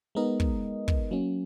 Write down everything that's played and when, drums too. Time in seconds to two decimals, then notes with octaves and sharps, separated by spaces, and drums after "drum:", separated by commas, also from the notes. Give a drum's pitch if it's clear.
0.15 G#3 B3 D#4 A#4 D#5
0.40 drum: kick
0.88 drum: kick
1.11 F#3 A#3 C#4